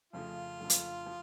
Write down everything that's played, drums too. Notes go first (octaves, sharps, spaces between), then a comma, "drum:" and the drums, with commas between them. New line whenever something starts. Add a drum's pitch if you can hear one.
F2 C#3 F3 A3 F4
F2 C#3 F3 A3
drum: hi-hat
F3